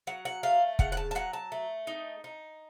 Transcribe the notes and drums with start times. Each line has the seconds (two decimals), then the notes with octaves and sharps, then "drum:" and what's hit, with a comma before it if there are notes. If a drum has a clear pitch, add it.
0.07 F#3 F#5
0.25 F#5
0.43 A3 F5
0.79 C#3 F#5, drum: kick
0.92 F#5
0.97 A5
1.11 A5
1.15 F#3 F#5
1.33 A5
1.52 A3
1.87 D#4
2.24 D#4